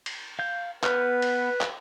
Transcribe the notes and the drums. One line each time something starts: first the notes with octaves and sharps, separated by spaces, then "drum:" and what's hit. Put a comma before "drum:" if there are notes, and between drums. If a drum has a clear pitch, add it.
drum: cymbal
F5 G6
B3 B4 F6 G6, drum: clap
drum: cymbal
drum: clap